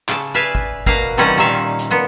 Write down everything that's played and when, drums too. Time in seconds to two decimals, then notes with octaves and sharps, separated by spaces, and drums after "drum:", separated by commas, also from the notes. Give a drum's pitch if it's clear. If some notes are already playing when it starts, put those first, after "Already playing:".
0.09 C#3 A5, drum: clap
0.34 B4 D5 E5 F5 G#5
0.55 drum: kick
0.86 B2 A#3 B4 F5 A#5, drum: kick
1.18 C3 E3 G3 C#4 D#4 F#5
1.38 A#2 D#3 D#4 E5 F5
1.79 drum: hi-hat
1.90 A#2 B3